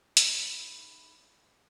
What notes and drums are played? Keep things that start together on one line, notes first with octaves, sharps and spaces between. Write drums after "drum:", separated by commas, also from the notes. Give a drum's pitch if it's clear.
D#4 E4 G#4 D#5 E5, drum: hi-hat